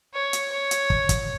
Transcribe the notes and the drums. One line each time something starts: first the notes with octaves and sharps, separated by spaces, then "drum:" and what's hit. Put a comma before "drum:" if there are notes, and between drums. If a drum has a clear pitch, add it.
C#5
drum: hi-hat
C#5
drum: hi-hat
drum: kick
drum: kick, hi-hat